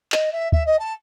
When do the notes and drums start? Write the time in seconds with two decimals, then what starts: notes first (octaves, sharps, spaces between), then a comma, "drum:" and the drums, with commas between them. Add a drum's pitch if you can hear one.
0.12 D#5, drum: clap
0.32 E5
0.52 E5, drum: kick
0.66 D#5
0.79 A5